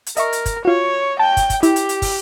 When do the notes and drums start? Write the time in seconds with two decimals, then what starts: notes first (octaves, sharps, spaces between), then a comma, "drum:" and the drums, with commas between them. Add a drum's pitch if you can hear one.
0.06 drum: hi-hat
0.17 A#4 D#5 E5 C#6, drum: hi-hat
0.33 drum: hi-hat
0.46 drum: kick, hi-hat
0.65 F4 F#4 C#5
1.19 G5 A5
1.37 drum: kick, hi-hat
1.50 drum: kick, hi-hat
1.63 E4 G4, drum: hi-hat
1.76 drum: hi-hat
1.89 drum: hi-hat
2.02 drum: kick, open hi-hat